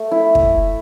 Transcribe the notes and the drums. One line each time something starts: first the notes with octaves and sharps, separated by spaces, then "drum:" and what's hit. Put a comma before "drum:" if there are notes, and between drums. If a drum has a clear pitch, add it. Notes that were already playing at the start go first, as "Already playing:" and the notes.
Already playing: A3
E4
drum: kick